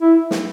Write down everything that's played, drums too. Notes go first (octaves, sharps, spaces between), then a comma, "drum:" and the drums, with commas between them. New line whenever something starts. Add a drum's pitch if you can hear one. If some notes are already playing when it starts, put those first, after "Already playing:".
E4
drum: snare